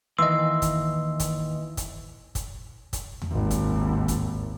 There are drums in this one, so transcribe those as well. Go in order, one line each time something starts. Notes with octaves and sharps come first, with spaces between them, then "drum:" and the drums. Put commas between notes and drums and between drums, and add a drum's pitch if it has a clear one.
D#2 E3 D#5 C6 E6
drum: kick, hi-hat
drum: kick, hi-hat
drum: kick, hi-hat
drum: kick, hi-hat
drum: kick, hi-hat
drum: tom E2
G#1 D#2
drum: kick, hi-hat
drum: kick, hi-hat